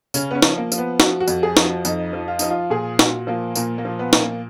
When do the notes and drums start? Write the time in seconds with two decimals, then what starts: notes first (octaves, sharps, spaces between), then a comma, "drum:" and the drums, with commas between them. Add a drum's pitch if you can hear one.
0.14 C#3 C#4, drum: tambourine
0.31 B3
0.35 C#4
0.42 F3, drum: snare
0.57 A#3
0.72 F3, drum: tambourine
0.78 B3
1.00 F3 F#4, drum: snare
1.20 F#4
1.28 F2, drum: tambourine
1.43 G#4
1.57 F3, drum: snare
1.64 F#4
1.85 F2 D#4, drum: tambourine
2.13 F3
2.28 F4
2.39 F3 D#4, drum: tambourine
2.50 F4
2.70 A#2 G#4
2.99 A#2 F#4, drum: snare
3.27 F3 A#3
3.55 A#2 A#3, drum: tambourine
3.78 A#3
3.85 F3
3.99 B3
4.13 A#2, drum: snare
4.20 A#3